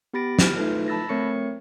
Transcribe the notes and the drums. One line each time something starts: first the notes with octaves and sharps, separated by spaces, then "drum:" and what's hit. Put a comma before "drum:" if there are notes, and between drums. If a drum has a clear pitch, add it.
B3 G4 B5 A6 A#6 D7
F6, drum: snare
A3 D#4 F4 A4 B4
A5 B5 E6 A6 A#6
A3 C4 A#4 C#5 C#6 C#7